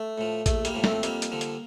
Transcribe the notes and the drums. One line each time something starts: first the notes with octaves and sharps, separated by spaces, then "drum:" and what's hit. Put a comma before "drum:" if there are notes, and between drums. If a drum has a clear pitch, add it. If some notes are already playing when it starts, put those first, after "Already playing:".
Already playing: A3
A2 F3
A#1 A3, drum: kick A1, hi-hat
G3 A#3, drum: hi-hat
A2 F3
A3 C4, drum: snare
F2 G3 A#3, drum: hi-hat
drum: hi-hat
D3 F3
drum: hi-hat